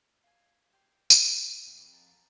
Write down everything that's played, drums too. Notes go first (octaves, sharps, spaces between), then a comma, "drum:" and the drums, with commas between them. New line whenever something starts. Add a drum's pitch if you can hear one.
F4 G#5
G4 G#5 C6
drum: tambourine
F2 A4
A#4 F#5 A5